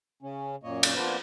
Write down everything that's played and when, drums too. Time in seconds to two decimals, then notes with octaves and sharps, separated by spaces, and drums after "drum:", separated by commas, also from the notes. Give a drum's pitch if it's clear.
0.22 C#3 C#4
0.63 F#2 A#2 A#3 C#5 D#5
0.83 drum: cymbal
0.95 F3 A#3 B3 D4 B4 C5